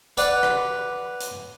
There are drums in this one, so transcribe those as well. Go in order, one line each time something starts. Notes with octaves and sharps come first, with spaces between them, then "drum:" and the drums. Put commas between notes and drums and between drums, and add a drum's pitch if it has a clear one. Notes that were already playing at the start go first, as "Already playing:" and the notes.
B4 D5 F5 F#5, drum: hi-hat
drum: rim click
drum: hi-hat